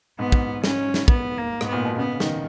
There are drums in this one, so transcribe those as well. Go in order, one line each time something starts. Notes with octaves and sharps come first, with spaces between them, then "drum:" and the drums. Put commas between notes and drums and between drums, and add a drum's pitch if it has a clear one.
G#2 B3
drum: kick
C#4, drum: snare
drum: snare
B3, drum: kick
A#3
G#2, drum: rim click
B3
A#2
B2
C#3 B3
C#3
D#3, drum: snare